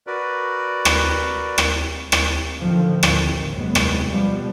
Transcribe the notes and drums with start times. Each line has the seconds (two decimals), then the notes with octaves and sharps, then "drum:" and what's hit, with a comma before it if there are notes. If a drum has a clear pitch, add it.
0.07 F#4 A#4 B4 D5
0.85 drum: rim click
1.58 drum: rim click
2.12 drum: rim click
2.57 A2 D3 D#3 F3 C4
3.03 A1 D#3 C4, drum: rim click
3.53 F1 F#2 G#3 B3
3.75 drum: rim click
4.08 B2 F3 G3 B3